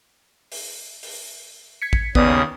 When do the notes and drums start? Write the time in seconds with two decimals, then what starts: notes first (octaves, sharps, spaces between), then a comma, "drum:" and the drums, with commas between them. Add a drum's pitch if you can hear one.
0.52 drum: open hi-hat
1.03 drum: open hi-hat
1.82 G#6 B6 C#7
1.93 drum: kick
2.15 D#2 C#3 B3 D5 D#6, drum: kick